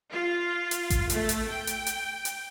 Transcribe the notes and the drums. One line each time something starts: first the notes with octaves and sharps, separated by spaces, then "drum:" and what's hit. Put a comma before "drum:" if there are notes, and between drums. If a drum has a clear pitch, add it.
F4
drum: hi-hat
drum: kick A1, hi-hat
A3, drum: hi-hat
drum: hi-hat
G5
drum: hi-hat
drum: hi-hat
drum: hi-hat